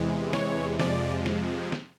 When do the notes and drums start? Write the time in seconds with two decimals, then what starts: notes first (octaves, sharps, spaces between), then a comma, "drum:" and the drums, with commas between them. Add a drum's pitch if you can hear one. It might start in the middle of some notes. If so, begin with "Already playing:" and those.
Already playing: E2 C3 E3 G#3
0.33 C#5, drum: snare
0.79 F2 C3 F3 G#3 D5, drum: snare
1.26 drum: snare
1.72 drum: snare